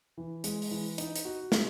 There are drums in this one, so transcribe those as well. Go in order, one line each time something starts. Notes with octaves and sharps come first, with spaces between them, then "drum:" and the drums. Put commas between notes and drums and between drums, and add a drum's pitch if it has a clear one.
E3
G#3, drum: hi-hat
drum: open hi-hat
E3
D#4, drum: hi-hat
drum: hi-hat
F#4
G#3, drum: snare